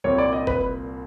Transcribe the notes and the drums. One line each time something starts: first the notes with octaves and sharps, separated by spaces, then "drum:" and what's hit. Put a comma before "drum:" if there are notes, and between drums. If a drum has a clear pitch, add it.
C2 A#2 G3 C4 C#5
D5
D#5
B4, drum: kick F#1